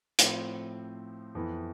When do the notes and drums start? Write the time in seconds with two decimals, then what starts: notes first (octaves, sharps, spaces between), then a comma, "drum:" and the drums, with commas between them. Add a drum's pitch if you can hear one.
0.19 A2 F3 C4, drum: hi-hat
1.35 F2 E3 B3 E4